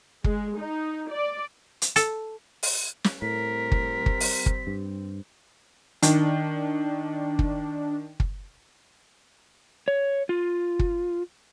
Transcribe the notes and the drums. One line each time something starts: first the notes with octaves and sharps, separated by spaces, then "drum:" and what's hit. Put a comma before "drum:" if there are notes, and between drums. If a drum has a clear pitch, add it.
G#3, drum: kick
D#4
D5
drum: hi-hat
A4, drum: hi-hat
drum: open hi-hat
drum: snare
A2 G3 C4 A#4 B6
drum: kick
drum: kick
drum: open hi-hat
drum: kick
G2
D#3 D4, drum: hi-hat
drum: kick
drum: kick
C#5
F4
drum: kick